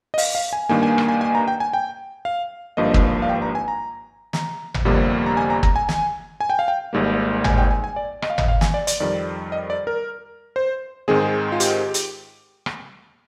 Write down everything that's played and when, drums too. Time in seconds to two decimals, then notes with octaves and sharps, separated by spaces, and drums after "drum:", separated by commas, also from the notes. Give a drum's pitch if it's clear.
0.14 D#5
0.18 F5, drum: open hi-hat
0.35 F5
0.53 G#5
0.69 G2 D#3 A#3 G#5
0.83 G#5
0.98 drum: rim click
1.08 G#5
1.21 G#5
1.35 A#5
1.48 G5
1.60 G#5
1.73 G5
2.25 F5
2.77 G#1 G2 F3 A#3 D#5
2.94 drum: kick
3.22 F5
3.29 G5
3.42 A#5
3.55 G#5
3.68 A#5
4.33 A#5, drum: snare
4.74 drum: tom G#1
4.85 G1 F2 C3 G3 A#3
5.26 A#5
5.37 G#5
5.50 A#5
5.63 A#5, drum: kick
5.76 G#5
5.89 G#5, drum: snare
6.40 G#5
6.50 G5
6.59 F5
6.68 G5
6.93 G#1 G#2 G3 A#3
7.44 G#5, drum: tom G#1
7.58 G5
7.71 G#5
7.84 G#5
7.96 D5
8.22 D#5, drum: rim click
8.30 F5
8.38 D#5, drum: tom G#1
8.48 F5
8.61 G#5, drum: snare
8.74 D5
8.87 D5, drum: hi-hat
9.00 F2 D#3 G3 D5
9.52 D#5
9.70 D5
9.87 A#4
10.56 C5
11.08 G#2 D#3 G#3 C4 G#4
11.52 F4
11.60 G4, drum: hi-hat
11.94 drum: hi-hat
12.66 drum: rim click